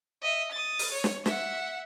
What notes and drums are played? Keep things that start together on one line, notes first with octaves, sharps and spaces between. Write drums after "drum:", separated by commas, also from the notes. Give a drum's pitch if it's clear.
D#5 E5
D#6 A6
drum: open hi-hat
C#5
drum: snare
E5 F#5, drum: snare